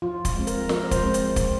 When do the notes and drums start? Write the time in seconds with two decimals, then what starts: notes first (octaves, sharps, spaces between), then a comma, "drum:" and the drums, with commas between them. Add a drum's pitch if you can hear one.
0.02 F3 F4
0.25 drum: kick, hi-hat
0.36 G#3 C4
0.47 A#4, drum: hi-hat
0.69 F3 A#4, drum: snare
0.91 C5, drum: kick, hi-hat
1.03 G#3 C4
1.14 drum: hi-hat
1.36 drum: kick, hi-hat